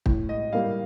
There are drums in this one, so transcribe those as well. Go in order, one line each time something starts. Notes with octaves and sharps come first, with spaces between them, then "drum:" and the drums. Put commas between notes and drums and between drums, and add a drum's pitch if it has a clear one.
A2, drum: kick
D#5
G3 A#3 F5